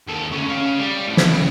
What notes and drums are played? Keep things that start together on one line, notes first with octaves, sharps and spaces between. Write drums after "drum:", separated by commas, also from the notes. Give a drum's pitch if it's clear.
D#2 A4
D2 C#4
C#4 F5
G3
A2 F3
drum: snare
C#3